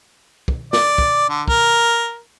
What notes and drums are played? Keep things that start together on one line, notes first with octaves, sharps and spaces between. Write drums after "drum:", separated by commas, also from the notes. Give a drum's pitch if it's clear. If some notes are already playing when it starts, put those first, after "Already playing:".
drum: kick
D5, drum: snare
drum: kick
D3
A#4, drum: kick